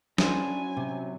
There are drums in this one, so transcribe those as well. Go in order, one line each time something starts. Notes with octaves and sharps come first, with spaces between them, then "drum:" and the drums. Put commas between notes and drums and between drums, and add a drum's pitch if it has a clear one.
F#3 C#4 D4 E4 C5 G#5, drum: snare
C3